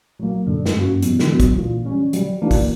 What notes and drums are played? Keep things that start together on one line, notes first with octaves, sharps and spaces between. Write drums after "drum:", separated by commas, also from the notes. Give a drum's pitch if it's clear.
F#3 A#3
F#2 D3
G2, drum: snare
A#3 C#4 F#4
B2 F#3, drum: hi-hat
E3
D3, drum: snare
E3 F#3 B3 F#4
drum: kick, hi-hat
A#2
G3 C#4
F#3 G3, drum: hi-hat
E3 A#3 D4 F#4
drum: kick, open hi-hat